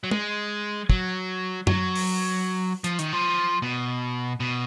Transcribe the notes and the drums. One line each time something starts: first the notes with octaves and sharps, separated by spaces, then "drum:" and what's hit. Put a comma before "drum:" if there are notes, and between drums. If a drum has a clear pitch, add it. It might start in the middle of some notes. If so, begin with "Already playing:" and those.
F#3
G#3, drum: tom
F#3, drum: kick
F#3, drum: tom
drum: open hi-hat
F3, drum: hi-hat
D#3, drum: hi-hat
F3
B2
B2